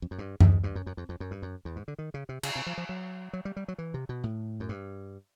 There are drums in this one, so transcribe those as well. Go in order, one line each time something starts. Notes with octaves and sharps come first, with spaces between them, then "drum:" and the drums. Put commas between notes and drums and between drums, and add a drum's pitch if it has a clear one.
F2
F#2
G2
G#2, drum: tom F#2
G2
F#2
F#2
F2
F2
F#2
G2
F#2
E2
G#2
D3
D#3
C#3
C3
C#3, drum: cymbal
C3
F3
F3
F#3
F#3
G3
G3
F#3
E3
C3
B2
A2
F#2
G2